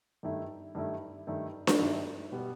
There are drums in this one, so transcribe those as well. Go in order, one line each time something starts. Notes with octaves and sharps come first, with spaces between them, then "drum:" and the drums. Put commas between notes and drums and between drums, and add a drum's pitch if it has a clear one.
G2 D#3 A3 E4
G2 D#3 A3 E4
G2 D#3 A3 E4
drum: snare D4
G2 D#3 A3 E4
B2 G3 B3